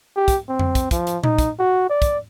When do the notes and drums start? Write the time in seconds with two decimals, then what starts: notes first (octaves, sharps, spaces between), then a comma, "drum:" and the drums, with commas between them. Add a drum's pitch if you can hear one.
0.16 G4
0.28 drum: kick, hi-hat
0.49 C4
0.59 drum: tom F2
0.75 drum: kick, hi-hat
0.91 F3, drum: kick, hi-hat
1.07 drum: hi-hat
1.24 D#4, drum: tom A#2
1.38 drum: kick, hi-hat
1.59 F#4
1.90 D5
2.02 drum: kick, hi-hat